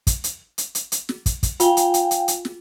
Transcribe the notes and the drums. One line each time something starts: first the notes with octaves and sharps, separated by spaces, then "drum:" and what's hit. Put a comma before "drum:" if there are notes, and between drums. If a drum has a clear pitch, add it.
drum: kick, hi-hat
drum: hi-hat
drum: hi-hat
drum: hi-hat
drum: hi-hat
drum: snare
drum: kick, hi-hat
drum: kick, hi-hat
F4 F5 G5 G#5, drum: hi-hat
drum: hi-hat
drum: hi-hat
drum: hi-hat
drum: hi-hat
drum: snare